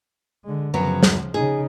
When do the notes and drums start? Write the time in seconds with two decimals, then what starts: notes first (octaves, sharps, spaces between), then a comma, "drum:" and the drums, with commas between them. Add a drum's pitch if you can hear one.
0.44 D3 G#3
0.74 F#2 C#3 F3 F#3 B3
1.03 drum: snare
1.34 C#3 D#4 G#4